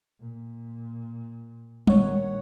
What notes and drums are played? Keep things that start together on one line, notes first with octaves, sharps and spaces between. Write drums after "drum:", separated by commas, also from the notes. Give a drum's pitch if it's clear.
A#2
A#1 D#3 C#5 F#5, drum: tom G3